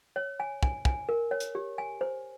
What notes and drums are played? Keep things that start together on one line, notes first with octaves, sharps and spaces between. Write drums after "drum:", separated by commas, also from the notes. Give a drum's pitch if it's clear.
C#5
G#5
G#5, drum: kick
G#5, drum: kick
A#4
C#5
drum: hi-hat
G4
G#5
C5